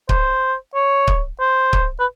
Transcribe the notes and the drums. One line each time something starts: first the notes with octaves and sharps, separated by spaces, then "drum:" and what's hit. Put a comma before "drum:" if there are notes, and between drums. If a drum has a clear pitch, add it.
C5, drum: kick C#1
C#5
drum: kick C#1
C5
drum: kick C#1
B4